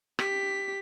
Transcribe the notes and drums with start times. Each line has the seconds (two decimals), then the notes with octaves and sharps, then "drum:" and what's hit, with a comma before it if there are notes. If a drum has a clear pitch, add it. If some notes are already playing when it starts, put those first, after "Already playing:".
0.19 G4 B6, drum: rim click